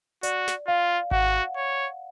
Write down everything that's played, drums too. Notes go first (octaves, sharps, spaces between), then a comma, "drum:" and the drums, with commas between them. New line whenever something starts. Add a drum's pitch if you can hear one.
F#4 D5, drum: hi-hat
drum: snare
F4 F5
F#4 F#5, drum: kick G#1
C#5